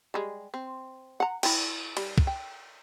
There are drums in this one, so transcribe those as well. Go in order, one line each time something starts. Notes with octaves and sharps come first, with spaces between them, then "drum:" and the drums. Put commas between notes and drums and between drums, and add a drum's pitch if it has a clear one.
G3 G#3
C4
F#5 A#5
E4 D5 G5, drum: cymbal
G3, drum: cymbal
drum: kick
G5